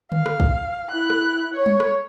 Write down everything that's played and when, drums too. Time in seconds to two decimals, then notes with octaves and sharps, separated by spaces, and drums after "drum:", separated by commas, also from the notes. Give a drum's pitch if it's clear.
0.12 F5, drum: tom D3
0.26 drum: rim click
0.40 drum: kick
0.91 E4 F#6
1.10 drum: rim click
1.54 C#5
1.66 drum: tom G3
1.80 drum: rim click